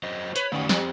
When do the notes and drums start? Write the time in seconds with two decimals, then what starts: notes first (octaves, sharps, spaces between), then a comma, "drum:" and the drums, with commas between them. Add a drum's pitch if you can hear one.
0.03 F#3 C5 D#5
0.36 B4 C#5, drum: hi-hat
0.52 D3 F#3 A3 C#4 D5
0.69 F3 G3 C4 C5, drum: snare